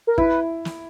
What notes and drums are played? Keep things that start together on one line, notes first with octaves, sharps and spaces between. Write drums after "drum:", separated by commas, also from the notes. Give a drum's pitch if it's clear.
A#4
E4 B4, drum: kick
drum: snare